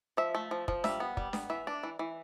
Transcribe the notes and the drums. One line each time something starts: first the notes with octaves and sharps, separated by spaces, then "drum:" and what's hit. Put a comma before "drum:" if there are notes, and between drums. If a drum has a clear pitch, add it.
F3 E5
A3
F3
F3, drum: kick
G3 E5, drum: snare D4
B3
G3, drum: kick
B3, drum: snare D4
E3 E5
D4
E3
E3